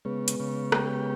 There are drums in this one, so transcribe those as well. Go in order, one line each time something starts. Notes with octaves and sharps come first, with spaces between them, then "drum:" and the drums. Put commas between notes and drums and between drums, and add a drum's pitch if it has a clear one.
C#3 G#3 B3
drum: hi-hat
C#3
G4, drum: rim click